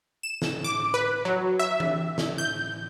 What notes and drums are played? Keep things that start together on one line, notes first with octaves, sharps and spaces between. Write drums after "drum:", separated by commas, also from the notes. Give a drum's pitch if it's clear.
E7
drum: snare
D6
B4
F#3
E5
drum: tom E3
drum: snare
G6